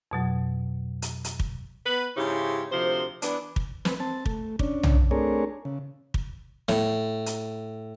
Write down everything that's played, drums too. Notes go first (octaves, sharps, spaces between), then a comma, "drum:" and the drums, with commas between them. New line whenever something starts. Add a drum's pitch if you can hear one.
F2 B2 F#3
drum: hi-hat
drum: hi-hat
drum: kick
B3 B4
G#2 C#3 C#4 E4 G4
D2 C3 F3 C5
E3 B3 D4, drum: hi-hat
drum: kick
C4 B4, drum: snare
C4 A5
A3, drum: kick
C#4 D4, drum: kick
drum: tom B1
A3 C4 D4 G#4 A#4 C#5
C#3
drum: kick
A2, drum: snare
drum: hi-hat